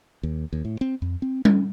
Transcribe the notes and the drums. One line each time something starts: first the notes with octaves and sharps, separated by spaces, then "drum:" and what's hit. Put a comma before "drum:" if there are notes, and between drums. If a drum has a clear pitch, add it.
D#2
D#2
A2
C4
F2
C4
C#4, drum: tom G3